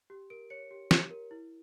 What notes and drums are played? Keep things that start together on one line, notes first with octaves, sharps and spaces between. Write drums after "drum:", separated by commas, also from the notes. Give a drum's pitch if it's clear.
G4
A#4 D7
C#5 C#7
G4
G4, drum: snare
A#4
E4